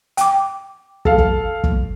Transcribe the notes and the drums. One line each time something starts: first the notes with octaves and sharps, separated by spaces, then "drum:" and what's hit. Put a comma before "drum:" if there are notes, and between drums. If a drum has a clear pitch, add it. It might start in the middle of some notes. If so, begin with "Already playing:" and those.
G5 D6, drum: hi-hat
A4 F5, drum: kick
drum: kick
drum: kick